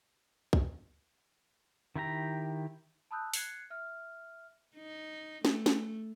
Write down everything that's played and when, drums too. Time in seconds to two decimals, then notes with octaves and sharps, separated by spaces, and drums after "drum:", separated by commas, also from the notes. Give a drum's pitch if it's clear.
0.53 drum: kick
1.96 D#3 E4 G4 A#5
3.11 A5 B5 D#6 E6 F#6 G6
3.34 F#6 G#6 C7 C#7, drum: open hi-hat
3.70 E5 F6
4.76 D#4
5.45 A3, drum: snare
5.66 drum: snare